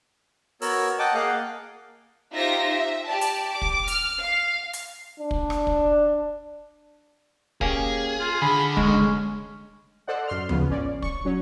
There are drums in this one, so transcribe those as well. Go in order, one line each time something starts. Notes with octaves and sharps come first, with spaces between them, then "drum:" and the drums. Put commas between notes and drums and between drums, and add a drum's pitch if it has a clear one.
B3 F#4 A#4 C#5 E6, drum: open hi-hat
D#5 F#5 G5 A5 D6
A#3 G#4 D#5 F5 F#5
D#4 F4 G4 C5 E5 A#6
E5
G4 D5 A5
drum: hi-hat
D6
drum: kick
F6, drum: hi-hat
F5
drum: hi-hat
D4
drum: kick
drum: rim click
drum: kick
A#3 C#4 G4 G#4, drum: kick
F4
D3 G#4 B5
G#3 C#4, drum: kick
A4 C5 D5 D#5 F#5
F#2 C6 F6
E2 C#3 F3 B3, drum: tom D2
A1 C#4 D5
C#6, drum: kick
F#3 C#4 C#5